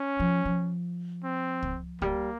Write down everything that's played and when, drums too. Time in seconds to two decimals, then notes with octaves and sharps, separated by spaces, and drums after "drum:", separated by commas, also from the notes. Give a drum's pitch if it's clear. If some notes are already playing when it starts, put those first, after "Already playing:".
Already playing: C#4
0.20 F3
0.45 F3
1.24 C4
1.63 drum: kick
2.02 G3 A#3, drum: kick